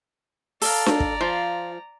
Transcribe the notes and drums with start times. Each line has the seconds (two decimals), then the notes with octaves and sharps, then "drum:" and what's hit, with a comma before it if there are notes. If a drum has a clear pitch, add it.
0.62 A4 D5 F5 A#5, drum: open hi-hat
0.86 drum: snare D4
1.00 drum: kick
1.21 F3 F4